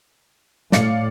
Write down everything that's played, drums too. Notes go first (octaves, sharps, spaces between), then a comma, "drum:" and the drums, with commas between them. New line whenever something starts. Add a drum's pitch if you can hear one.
A2 D5 F5 C#7, drum: snare